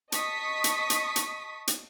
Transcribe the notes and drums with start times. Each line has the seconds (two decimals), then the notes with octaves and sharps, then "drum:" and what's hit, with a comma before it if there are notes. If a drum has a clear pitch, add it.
0.12 D#5 A5 C#6 D#6 B6, drum: hi-hat
0.64 drum: hi-hat
0.90 drum: hi-hat
1.16 drum: hi-hat
1.68 drum: hi-hat